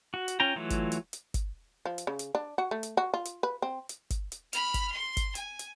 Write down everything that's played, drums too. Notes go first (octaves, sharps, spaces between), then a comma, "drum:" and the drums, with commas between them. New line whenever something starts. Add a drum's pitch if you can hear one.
F#4
drum: hi-hat
C#4 F4 G5 A#5
E3 F#3 A3 F4
drum: kick G1, hi-hat
drum: hi-hat
drum: hi-hat
drum: kick G1, hi-hat
F3
drum: hi-hat
C#3
drum: hi-hat
D4
F#4
A3
drum: hi-hat
F#4
F4
drum: hi-hat
B4
C4
drum: hi-hat
drum: kick G1, hi-hat
drum: hi-hat
B5 F6, drum: hi-hat
drum: kick G1, hi-hat
C6
drum: kick G1, hi-hat
G#5, drum: hi-hat
drum: hi-hat